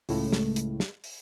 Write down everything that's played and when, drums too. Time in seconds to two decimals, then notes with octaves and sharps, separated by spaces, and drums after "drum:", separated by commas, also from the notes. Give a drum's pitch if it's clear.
0.09 C#2 A2, drum: open hi-hat
0.32 drum: snare
0.56 drum: hi-hat
0.80 drum: snare
1.04 drum: open hi-hat